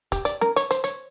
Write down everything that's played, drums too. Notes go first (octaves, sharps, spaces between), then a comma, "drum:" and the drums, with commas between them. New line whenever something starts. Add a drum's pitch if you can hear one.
G4, drum: kick, hi-hat
D5, drum: hi-hat
A#4, drum: snare
C#5, drum: hi-hat
C5, drum: hi-hat
C#5, drum: hi-hat